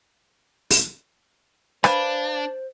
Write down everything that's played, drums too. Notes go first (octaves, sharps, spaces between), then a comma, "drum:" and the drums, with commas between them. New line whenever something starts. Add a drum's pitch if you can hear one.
drum: open hi-hat
D4 B4 C5 F5 G#5, drum: rim click